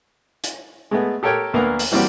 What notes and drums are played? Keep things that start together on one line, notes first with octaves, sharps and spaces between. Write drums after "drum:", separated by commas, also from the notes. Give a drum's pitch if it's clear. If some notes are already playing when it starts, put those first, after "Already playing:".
drum: hi-hat
G#3 A3 B3
G4 A4 A#4 C#5 G5
D2 A#3 B3 A#4 B4 A#5
drum: open hi-hat
E3 G3 A#3 C4 F#4